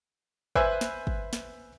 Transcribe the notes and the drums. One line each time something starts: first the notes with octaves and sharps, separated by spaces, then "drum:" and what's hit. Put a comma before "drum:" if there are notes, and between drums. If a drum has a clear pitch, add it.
B4 C5 E5 G#5, drum: kick
drum: snare
drum: kick
drum: snare